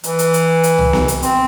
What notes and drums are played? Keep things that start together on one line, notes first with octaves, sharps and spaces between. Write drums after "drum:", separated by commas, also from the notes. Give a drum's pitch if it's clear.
E3, drum: hi-hat
drum: hi-hat
drum: hi-hat
drum: hi-hat
drum: tom C2
drum: snare B3
drum: hi-hat
C4, drum: hi-hat